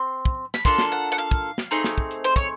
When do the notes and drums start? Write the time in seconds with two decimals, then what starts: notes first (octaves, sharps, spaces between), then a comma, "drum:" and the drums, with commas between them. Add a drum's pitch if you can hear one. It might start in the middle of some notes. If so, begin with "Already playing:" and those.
Already playing: C4 C6
0.25 drum: kick
0.54 B5, drum: snare
0.65 A#3 D4 F4 A4 C6, drum: kick
0.78 drum: snare
0.92 F#5
1.12 F#5
1.18 F5
1.31 drum: kick, hi-hat
1.58 drum: snare
1.71 A3 C4 D#4 G#4
1.84 drum: snare
1.98 drum: kick
2.11 drum: hi-hat
2.24 C5
2.36 C#5, drum: kick, hi-hat